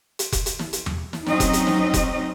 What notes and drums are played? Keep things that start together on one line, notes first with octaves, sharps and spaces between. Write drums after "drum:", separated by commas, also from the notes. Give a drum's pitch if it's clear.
drum: hi-hat
drum: kick F1, hi-hat
drum: hi-hat
drum: snare
drum: hi-hat
drum: tom E2
drum: snare
F#3 C4 C#4 D#4 D#5, drum: snare
drum: kick F1, hi-hat
drum: hi-hat
drum: snare
drum: kick F1, hi-hat